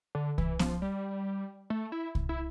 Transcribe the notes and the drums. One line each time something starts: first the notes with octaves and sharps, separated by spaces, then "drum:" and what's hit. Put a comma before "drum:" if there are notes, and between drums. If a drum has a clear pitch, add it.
D3
E3, drum: kick C2
F3, drum: snare B3
G3
A3
E4
drum: kick C2
E4